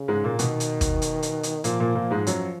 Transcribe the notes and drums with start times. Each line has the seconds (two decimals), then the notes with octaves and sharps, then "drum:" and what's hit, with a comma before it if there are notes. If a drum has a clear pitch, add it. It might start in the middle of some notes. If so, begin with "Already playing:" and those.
Already playing: C#3
0.08 G#2 G#3
0.24 A#2 A#3
0.39 B2 D#3 B3, drum: hi-hat
0.60 drum: hi-hat
0.81 drum: kick, hi-hat
1.02 drum: hi-hat
1.22 drum: hi-hat
1.43 drum: hi-hat
1.64 A#2 F3 A#3, drum: hi-hat
1.80 A#2 A#3
1.95 A#2 A#3
2.11 G#2 G#3
2.27 F#2 F3 F#3, drum: hi-hat